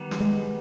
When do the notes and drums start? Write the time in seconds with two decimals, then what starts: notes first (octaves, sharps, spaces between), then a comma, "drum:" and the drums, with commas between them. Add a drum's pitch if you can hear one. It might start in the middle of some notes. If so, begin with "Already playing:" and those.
Already playing: D#3 G3 B3
0.11 drum: snare
0.20 G#3